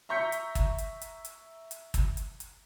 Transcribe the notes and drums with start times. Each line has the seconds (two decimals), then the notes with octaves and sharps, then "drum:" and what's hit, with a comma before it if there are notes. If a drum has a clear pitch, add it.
0.09 E5 A#5 C#6 G6 B6 C#7
0.32 drum: hi-hat
0.55 drum: kick G1, hi-hat
0.78 drum: hi-hat
1.01 drum: hi-hat
1.25 drum: hi-hat
1.71 drum: hi-hat
1.94 drum: kick G1, hi-hat
2.17 drum: hi-hat
2.40 drum: hi-hat